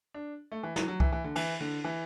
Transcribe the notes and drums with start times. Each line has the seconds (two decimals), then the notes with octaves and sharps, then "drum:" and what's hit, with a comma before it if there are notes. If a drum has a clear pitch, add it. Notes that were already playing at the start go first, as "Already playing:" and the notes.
0.14 D4
0.52 A3
0.63 E3
0.76 F#3, drum: snare
0.88 F#3
1.00 E3, drum: kick C2
1.12 E3
1.24 D3
1.36 E3, drum: cymbal
1.60 D3
1.84 E3